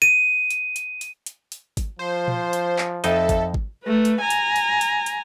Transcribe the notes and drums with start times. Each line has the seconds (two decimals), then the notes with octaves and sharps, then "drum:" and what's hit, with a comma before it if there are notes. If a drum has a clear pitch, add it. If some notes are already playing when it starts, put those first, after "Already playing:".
0.02 D#7
0.50 drum: hi-hat
0.76 drum: hi-hat
1.01 drum: hi-hat
1.26 drum: hi-hat
1.52 drum: hi-hat
1.77 drum: kick G#1, hi-hat
1.99 F3 C5
2.28 drum: tom A#2
2.53 drum: hi-hat
2.78 drum: clap
3.04 F2 D#4 A4 D#5 E5, drum: hi-hat
3.29 drum: kick G#1, hi-hat
3.54 drum: kick G#1
3.84 A3 B4
4.05 drum: hi-hat
4.21 G#5 A#5
4.30 drum: hi-hat
4.56 drum: hi-hat
4.81 drum: hi-hat
5.06 drum: hi-hat